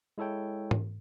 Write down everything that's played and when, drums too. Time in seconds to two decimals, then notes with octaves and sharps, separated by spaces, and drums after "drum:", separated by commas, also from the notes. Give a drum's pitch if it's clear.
0.18 G#3 E4 A4 C#5 G5
0.71 drum: tom G#2